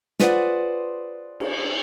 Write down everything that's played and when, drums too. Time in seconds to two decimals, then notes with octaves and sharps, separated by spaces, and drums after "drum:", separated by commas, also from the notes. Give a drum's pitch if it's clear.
0.20 F4 G#4 B4 C5 D5 F#5, drum: snare
1.40 drum: cymbal